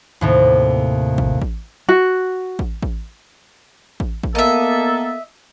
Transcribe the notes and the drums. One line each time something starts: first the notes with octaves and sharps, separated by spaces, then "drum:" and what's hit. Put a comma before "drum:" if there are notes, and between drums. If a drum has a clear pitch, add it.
D#2 A2 C3
drum: kick A1
drum: kick A1
F#4
drum: kick A1
drum: kick A1
drum: kick A1
drum: kick A1
A#3 B3 A4 D#5 E5